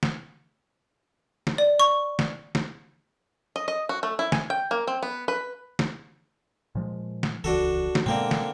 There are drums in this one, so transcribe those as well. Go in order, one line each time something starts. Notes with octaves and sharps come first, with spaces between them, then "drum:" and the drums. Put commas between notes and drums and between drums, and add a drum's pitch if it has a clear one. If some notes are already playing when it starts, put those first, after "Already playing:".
drum: snare
drum: snare
D5
C#6
drum: snare
drum: snare
D#5
D#5
F#4
A3
E4
G#5, drum: snare
G5
A#3
C4
B3
B4
drum: snare
A#2 F3 G#3
drum: snare
D#1 C#2 E3 D4 F#4 A4
drum: snare
B2 D3 G#3 A#3 C4
drum: snare